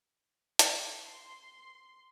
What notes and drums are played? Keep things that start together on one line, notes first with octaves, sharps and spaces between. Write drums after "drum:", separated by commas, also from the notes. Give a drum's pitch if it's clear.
drum: hi-hat
C6